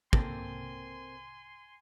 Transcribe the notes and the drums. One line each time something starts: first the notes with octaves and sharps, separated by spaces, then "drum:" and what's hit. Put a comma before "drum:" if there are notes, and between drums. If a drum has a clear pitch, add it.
A#3 C4 A4 G#5 C6, drum: kick